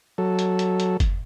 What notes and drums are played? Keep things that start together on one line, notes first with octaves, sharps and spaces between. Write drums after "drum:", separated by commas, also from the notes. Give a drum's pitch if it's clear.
F#3 A4
drum: hi-hat
drum: hi-hat
drum: hi-hat
drum: kick F#1, hi-hat